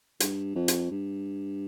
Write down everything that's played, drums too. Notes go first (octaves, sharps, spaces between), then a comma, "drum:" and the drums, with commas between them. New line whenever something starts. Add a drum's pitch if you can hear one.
G2, drum: hi-hat
F2
drum: hi-hat
G2